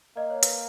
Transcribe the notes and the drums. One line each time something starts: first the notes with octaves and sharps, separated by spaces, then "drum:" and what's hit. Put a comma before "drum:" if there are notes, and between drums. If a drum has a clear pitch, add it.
A#3 D#5
C#5
B4, drum: hi-hat